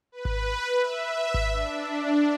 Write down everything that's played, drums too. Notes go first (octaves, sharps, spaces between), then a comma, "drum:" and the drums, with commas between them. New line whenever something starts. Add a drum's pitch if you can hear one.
B4
drum: kick G#1
E5
drum: kick G#1
D4